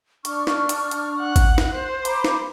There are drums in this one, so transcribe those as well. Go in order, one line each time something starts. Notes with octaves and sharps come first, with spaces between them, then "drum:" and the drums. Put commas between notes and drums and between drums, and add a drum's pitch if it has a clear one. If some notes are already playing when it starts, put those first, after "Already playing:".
D4 C#6 F6, drum: hi-hat
drum: snare
drum: hi-hat
drum: hi-hat
F#5 F#6
drum: kick G#1, hi-hat
drum: snare
C5
A#5 B5 D6, drum: hi-hat
drum: snare